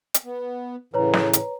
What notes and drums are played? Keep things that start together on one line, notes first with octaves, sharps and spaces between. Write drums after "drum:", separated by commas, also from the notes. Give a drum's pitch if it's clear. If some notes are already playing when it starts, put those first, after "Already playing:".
drum: hi-hat
B3
A2 C#3 E3 B4 C#5 A#5
drum: snare
drum: hi-hat